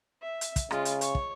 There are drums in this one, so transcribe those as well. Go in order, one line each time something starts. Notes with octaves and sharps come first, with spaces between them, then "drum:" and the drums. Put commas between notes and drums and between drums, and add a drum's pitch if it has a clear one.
E5
drum: hi-hat
drum: kick, hi-hat
C#3 G#3 F4, drum: rim click
drum: hi-hat
C#5, drum: hi-hat
drum: kick